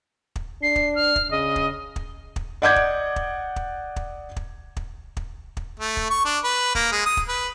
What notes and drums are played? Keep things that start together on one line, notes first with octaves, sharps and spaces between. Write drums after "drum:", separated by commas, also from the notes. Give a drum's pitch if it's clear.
drum: kick
D4 C7
drum: kick
F6
drum: kick
C#3 D#5
drum: kick
drum: kick
drum: kick
D5 D#5 F#5 D6 G6 G#6
drum: kick
drum: kick
drum: kick
drum: kick
drum: kick
drum: kick
drum: kick
drum: kick
A3
drum: kick
C#6
D4
B4
A#3, drum: kick
G#3
D#6
drum: kick
B4